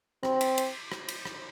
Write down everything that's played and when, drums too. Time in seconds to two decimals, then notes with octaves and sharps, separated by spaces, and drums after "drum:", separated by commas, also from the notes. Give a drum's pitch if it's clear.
0.23 C4, drum: rim click
0.41 drum: cymbal
0.58 drum: cymbal
0.92 drum: rim click
1.09 drum: cymbal
1.25 drum: rim click